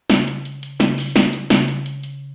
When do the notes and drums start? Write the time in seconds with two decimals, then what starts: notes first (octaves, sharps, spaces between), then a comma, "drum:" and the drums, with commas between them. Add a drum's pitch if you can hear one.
0.10 C#3, drum: snare
0.28 drum: hi-hat
0.45 drum: hi-hat
0.63 drum: hi-hat
0.80 C#3, drum: snare
0.98 drum: open hi-hat
1.16 drum: snare
1.33 drum: hi-hat
1.50 C#3, drum: snare
1.68 drum: hi-hat
1.86 drum: hi-hat
2.03 drum: hi-hat